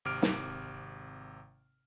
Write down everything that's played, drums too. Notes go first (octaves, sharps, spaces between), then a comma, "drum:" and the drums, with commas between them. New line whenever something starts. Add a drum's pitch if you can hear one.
G#1 C3 D6 F6 D7
drum: snare